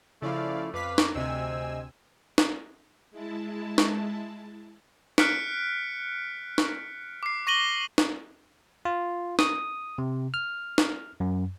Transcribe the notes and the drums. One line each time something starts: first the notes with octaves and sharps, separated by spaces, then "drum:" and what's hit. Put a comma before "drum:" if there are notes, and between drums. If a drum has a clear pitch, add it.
C#3 F3 A3 E4 D5 F5
F2 B4 F5 D6 B6
drum: snare
D2 C3 C4 D#5 G#5 E6
drum: snare
G#3 E4 A5
drum: snare
F6 F#6 B6 C#7 D7, drum: snare
drum: snare
D6 C7
C#6 A#6 D#7 F#7 G7
drum: snare
F4
D#6, drum: snare
C3
F6
drum: snare
F#2